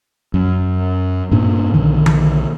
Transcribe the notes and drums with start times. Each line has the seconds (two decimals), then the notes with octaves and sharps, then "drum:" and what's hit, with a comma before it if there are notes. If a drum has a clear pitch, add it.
0.34 F#2
1.32 G2 A#2 D4
1.74 B1 F#2 D3 D#3
2.06 drum: tom D#3